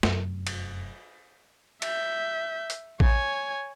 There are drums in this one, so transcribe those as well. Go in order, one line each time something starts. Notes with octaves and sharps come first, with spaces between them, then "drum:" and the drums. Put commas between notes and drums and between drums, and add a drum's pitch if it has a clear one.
F1 F#2, drum: snare
drum: cymbal
E5 G6, drum: cymbal
drum: hi-hat
C#5 G#5, drum: kick A1